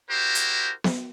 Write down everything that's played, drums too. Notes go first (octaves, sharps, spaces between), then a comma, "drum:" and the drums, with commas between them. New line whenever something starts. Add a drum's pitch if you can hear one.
E4 F#4 G4 A#4 C5
drum: hi-hat
drum: snare B3